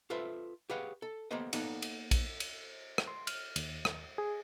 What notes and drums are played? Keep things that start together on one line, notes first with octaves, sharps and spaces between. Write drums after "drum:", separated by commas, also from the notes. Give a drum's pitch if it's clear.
F4 A4 B4 C5 E5
G4 G#4 B4 C#5 F5 F#5
A4
A#3 B3 G4 A4 C5 D#5
A#3 B3 D#4 A4 D5 F#5, drum: cymbal
drum: cymbal
drum: kick A#1, cymbal
drum: cymbal
drum: rim click
C6
F6, drum: cymbal
D#2, drum: cymbal
drum: rim click
G#4